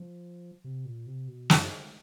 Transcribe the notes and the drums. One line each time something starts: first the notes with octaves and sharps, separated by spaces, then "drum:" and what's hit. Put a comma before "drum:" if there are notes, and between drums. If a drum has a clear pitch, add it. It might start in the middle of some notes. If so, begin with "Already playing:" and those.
Already playing: F3
C3
A#2
C3
B2
F#2, drum: snare